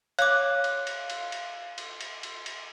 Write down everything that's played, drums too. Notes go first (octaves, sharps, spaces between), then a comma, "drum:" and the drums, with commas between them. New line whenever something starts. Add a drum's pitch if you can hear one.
C#5 F5 D6 F#6, drum: cymbal
drum: cymbal
drum: cymbal
drum: cymbal
drum: cymbal
drum: cymbal
drum: cymbal
drum: cymbal
drum: cymbal